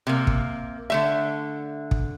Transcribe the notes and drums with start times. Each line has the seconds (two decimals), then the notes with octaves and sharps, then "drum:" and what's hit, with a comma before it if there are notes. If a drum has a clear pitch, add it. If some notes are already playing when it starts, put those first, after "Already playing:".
0.07 C3 A#3
0.27 drum: kick
0.90 D3 A3 E5
1.91 drum: kick